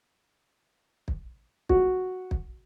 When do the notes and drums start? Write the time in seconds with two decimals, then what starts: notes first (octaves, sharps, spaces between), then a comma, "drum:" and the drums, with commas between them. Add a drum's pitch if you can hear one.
1.08 drum: kick
1.69 F#4, drum: kick
2.31 drum: kick